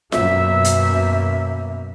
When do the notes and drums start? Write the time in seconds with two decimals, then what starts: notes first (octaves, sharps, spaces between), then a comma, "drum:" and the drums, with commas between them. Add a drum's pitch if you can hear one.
0.12 F#2 B2 A#3 E5, drum: snare F4
0.64 drum: hi-hat